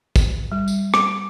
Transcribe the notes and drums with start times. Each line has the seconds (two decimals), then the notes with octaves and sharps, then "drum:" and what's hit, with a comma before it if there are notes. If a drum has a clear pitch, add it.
0.16 drum: kick, tambourine
0.52 G3
0.68 drum: tambourine
0.94 D6, drum: rim click